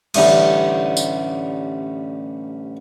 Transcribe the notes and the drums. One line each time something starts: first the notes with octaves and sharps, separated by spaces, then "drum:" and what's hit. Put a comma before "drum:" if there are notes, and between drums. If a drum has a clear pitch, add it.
A1 D3 G3 A3 D#6, drum: cymbal
drum: tambourine